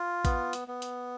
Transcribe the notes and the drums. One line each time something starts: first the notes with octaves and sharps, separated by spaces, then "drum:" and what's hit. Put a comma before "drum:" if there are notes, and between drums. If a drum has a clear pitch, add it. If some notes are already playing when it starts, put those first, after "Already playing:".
Already playing: F4
B3, drum: kick A#1, hi-hat
drum: hi-hat
B3
drum: hi-hat